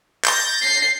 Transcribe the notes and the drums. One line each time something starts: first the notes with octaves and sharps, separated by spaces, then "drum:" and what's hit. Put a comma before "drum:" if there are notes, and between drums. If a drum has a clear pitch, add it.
G6 A6 A#6, drum: clap
C7